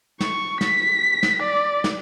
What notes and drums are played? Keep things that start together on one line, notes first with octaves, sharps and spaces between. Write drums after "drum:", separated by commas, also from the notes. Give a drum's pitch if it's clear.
C#6, drum: snare
B6, drum: snare
drum: snare
D5
drum: snare